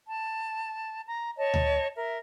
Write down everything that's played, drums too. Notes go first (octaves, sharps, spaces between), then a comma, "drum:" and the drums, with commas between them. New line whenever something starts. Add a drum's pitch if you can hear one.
A5
A#5
C#5 D#5 A5
drum: tom D2
A#4 E5